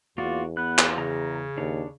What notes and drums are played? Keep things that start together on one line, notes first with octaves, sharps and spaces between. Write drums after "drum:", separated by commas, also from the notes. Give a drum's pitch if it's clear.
E2 A#3 F4 F#4 D5
B3 F#6
drum: clap
C#3 A#5
D#2 D4 C#5